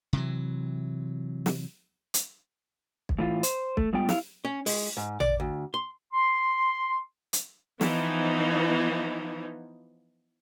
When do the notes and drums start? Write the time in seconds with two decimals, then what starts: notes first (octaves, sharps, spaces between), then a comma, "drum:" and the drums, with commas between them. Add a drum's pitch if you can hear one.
0.13 C3 E3 F#3
1.46 drum: snare
2.14 drum: hi-hat
3.09 drum: kick B1
3.19 A2 E3 F4
3.43 C5, drum: hi-hat
3.77 A3, drum: kick B1
3.93 G#2 G3 B3 F4 G5
4.09 E4 F5, drum: snare
4.45 C#4
4.66 G#3, drum: open hi-hat
4.97 G#2
5.20 D5, drum: tom A1
5.40 D2
5.74 C6
6.13 C6
7.33 drum: hi-hat
7.81 E3 F3 B3 D#4, drum: snare